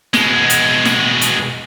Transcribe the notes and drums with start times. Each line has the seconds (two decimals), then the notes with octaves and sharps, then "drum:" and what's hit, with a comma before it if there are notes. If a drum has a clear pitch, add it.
0.14 B2 G#3, drum: snare
0.50 drum: hi-hat
0.85 drum: snare
1.21 drum: hi-hat